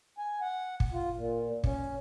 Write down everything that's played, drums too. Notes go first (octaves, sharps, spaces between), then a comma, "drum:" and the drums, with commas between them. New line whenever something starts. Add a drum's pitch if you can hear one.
G#5
F#5
drum: kick
F4
A#2
C#4, drum: kick